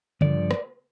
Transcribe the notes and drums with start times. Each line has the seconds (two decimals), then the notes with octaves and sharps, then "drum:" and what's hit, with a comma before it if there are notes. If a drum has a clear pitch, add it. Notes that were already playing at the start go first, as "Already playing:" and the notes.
0.21 G2 D3 F3 D5, drum: tom C#3
0.51 drum: rim click